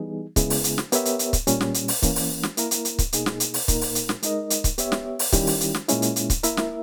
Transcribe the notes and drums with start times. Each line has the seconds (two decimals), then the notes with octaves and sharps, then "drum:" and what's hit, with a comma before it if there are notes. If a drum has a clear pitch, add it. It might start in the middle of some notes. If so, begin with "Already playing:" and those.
Already playing: E3 G3 B3 D#4 G#4
0.36 C#3 G#3 B3 E4 G#4, drum: kick C#1, hi-hat
0.50 drum: open hi-hat
0.64 drum: hi-hat
0.78 drum: snare
0.92 B3 G4 A#4 C#5 E5, drum: hi-hat
1.05 drum: hi-hat
1.19 drum: hi-hat
1.33 drum: kick C#1, hi-hat
1.47 A#2 G3 C#4, drum: hi-hat
1.61 drum: snare
1.74 drum: hi-hat
1.88 drum: open hi-hat
2.03 E3 A#3 C#4, drum: kick C#1, hi-hat
2.16 drum: open hi-hat
2.43 drum: snare
2.57 A#3 E4 A#4, drum: hi-hat
2.71 drum: hi-hat
2.85 drum: hi-hat
2.99 drum: kick C#1, hi-hat
3.13 B2 A#3 D#4 G#4, drum: hi-hat
3.26 drum: snare
3.40 drum: hi-hat
3.54 drum: open hi-hat
3.68 A#2 A#3 D#4 A#4, drum: kick C#1, hi-hat
3.81 drum: open hi-hat
3.95 drum: hi-hat
4.09 drum: snare
4.23 G#3 D#4 A#4 D#5, drum: hi-hat
4.50 drum: hi-hat
4.64 drum: kick C#1, hi-hat
4.78 B3 G4 C#5 E5, drum: hi-hat
4.92 drum: snare
5.19 drum: open hi-hat
5.32 D#3 G3 C#4 E4 G4, drum: kick C#1, hi-hat
5.47 drum: open hi-hat
5.61 drum: hi-hat
5.74 drum: snare
5.88 A#2 G#3 C#4 E4, drum: hi-hat
6.02 drum: hi-hat
6.16 drum: hi-hat
6.30 drum: kick C#1, hi-hat
6.43 A#3 E4 A#4 E5, drum: hi-hat
6.57 drum: snare